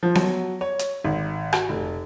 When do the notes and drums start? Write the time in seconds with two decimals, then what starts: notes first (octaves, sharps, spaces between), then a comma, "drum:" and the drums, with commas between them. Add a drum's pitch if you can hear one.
0.03 F3
0.15 F#3, drum: snare B3
0.61 C#5
0.79 drum: hi-hat
1.04 G#1
1.53 F#4, drum: rim click
1.69 F1